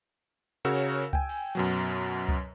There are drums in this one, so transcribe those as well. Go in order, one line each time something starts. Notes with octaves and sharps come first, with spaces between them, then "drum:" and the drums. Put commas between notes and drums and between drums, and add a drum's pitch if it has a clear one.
C#3 F#4 A#4 C#5 E6
G5 G#5, drum: kick C#2
drum: cymbal
F#2 B2 F#3
drum: kick C#2